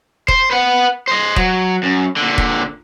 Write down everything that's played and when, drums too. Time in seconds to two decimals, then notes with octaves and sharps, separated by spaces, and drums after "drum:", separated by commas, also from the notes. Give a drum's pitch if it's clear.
0.28 C5, drum: kick E1
0.51 B4 F#5
1.08 C5 D#5
1.36 F#3, drum: kick E1
1.83 F#2
2.17 A#2 D3
2.38 drum: kick E1